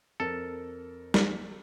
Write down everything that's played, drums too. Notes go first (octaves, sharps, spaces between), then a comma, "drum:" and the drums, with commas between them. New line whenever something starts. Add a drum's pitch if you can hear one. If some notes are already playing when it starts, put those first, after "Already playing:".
F2 A4 A#4
drum: snare